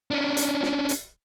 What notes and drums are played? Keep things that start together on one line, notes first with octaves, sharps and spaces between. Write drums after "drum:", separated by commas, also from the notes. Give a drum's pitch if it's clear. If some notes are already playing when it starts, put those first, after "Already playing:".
C#4 D4
drum: hi-hat
drum: snare
drum: hi-hat